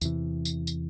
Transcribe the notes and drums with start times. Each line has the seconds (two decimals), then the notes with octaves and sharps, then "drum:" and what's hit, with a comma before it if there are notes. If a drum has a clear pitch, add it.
0.01 E2 C3 E3, drum: tambourine
0.45 drum: tambourine
0.67 drum: tambourine